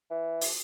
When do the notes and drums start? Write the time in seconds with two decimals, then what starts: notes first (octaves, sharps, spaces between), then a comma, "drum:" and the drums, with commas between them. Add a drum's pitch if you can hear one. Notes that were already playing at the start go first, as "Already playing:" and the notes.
0.10 E3
0.41 drum: open hi-hat